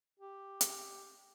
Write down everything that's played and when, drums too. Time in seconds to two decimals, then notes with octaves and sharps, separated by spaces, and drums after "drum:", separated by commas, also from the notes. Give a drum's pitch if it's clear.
0.20 G4
0.61 drum: hi-hat